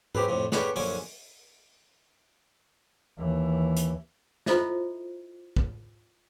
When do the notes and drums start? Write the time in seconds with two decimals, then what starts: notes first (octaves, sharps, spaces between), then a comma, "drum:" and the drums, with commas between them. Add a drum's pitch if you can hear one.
0.15 F#3 C4 G4 G#4 B4, drum: tom
0.28 F2 A2 C3 F3
0.52 D3 B3 G4 G#4 B4 C#5, drum: snare
0.76 A#1 F#2 D3 C#4 G#5 D6, drum: open hi-hat
3.18 D#2 E3
3.77 drum: hi-hat
4.46 E4 F4 A4 C5 D#5 E5, drum: snare
5.56 drum: kick